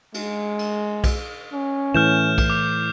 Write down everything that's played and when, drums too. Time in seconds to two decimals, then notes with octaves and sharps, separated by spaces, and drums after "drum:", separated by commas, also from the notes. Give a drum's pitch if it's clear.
0.14 G#3, drum: cymbal
0.59 drum: cymbal
1.04 drum: kick B1, cymbal
1.53 C#4
1.94 A2 E3 F6 G6 E7
2.38 drum: kick B1, cymbal
2.50 D6